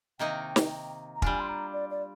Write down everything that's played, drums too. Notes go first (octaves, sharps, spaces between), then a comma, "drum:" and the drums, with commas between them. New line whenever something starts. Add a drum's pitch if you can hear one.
C3 D#3 A#3 D#4 G5
drum: snare
A#5
G3 D4 F4 G#5, drum: kick
C6
A#5
D5
D5